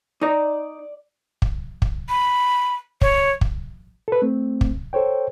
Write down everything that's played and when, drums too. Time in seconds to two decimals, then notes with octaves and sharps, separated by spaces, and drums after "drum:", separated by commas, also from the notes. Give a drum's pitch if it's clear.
0.21 D#4 D5 A#5
1.42 drum: kick
1.82 drum: kick
2.09 B5
3.01 C#5, drum: kick
3.41 drum: kick
4.08 A4 B4
4.22 A3 C4
4.61 drum: kick
4.93 A4 C5 C#5 G5